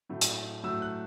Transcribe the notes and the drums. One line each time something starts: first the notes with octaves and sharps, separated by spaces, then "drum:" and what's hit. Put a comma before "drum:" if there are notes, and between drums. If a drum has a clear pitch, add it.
A2 F#3 A3
drum: hi-hat
A2 F#3 A3 E6
F#6